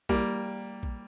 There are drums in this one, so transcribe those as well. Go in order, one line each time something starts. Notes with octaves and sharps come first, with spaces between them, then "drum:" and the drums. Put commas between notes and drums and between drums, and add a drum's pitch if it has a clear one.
G3 A#3, drum: kick
drum: kick